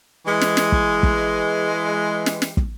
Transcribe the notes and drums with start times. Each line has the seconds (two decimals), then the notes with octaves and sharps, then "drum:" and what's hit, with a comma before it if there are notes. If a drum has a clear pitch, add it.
0.26 E3 G#3
0.41 drum: snare
0.57 drum: snare
0.72 drum: kick
1.03 drum: kick
2.26 drum: snare
2.42 drum: snare
2.57 drum: kick